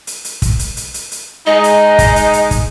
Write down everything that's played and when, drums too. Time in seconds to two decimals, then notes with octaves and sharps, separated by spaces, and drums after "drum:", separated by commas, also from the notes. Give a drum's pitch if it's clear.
0.07 drum: hi-hat
0.25 drum: hi-hat
0.42 drum: kick, hi-hat
0.59 drum: hi-hat
0.77 drum: hi-hat
0.94 drum: hi-hat
1.12 drum: hi-hat
1.46 G#3 D#4 D#5
1.64 drum: hi-hat
1.99 drum: kick, hi-hat
2.16 drum: hi-hat
2.33 drum: hi-hat
2.51 drum: kick, hi-hat